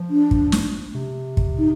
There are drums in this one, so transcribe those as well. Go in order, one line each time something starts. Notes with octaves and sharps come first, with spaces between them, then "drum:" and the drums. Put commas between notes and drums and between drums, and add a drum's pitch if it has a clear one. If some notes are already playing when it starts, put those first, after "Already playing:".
Already playing: F3
D4
drum: kick
drum: snare
C3
drum: kick
D#4